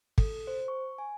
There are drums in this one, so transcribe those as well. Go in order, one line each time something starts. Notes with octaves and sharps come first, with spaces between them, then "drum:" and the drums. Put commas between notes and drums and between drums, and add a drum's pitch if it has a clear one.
A4, drum: kick
C5
C#6
G#5